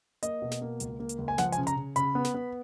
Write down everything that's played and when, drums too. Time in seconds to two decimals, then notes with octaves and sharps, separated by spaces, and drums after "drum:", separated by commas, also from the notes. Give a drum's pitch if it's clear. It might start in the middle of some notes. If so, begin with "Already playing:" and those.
0.23 A#3 D#5, drum: hi-hat
0.42 B2
0.51 drum: snare
0.61 A#3
0.80 C#2, drum: hi-hat
1.00 A#3
1.09 drum: hi-hat
1.18 C#2
1.28 G#5
1.38 F3 F#5, drum: snare
1.52 G#5, drum: hi-hat
1.57 C#3
1.67 A#5, drum: hi-hat
1.76 C#3
1.96 C#3 B5, drum: hi-hat
2.15 B3
2.25 drum: snare
2.34 B3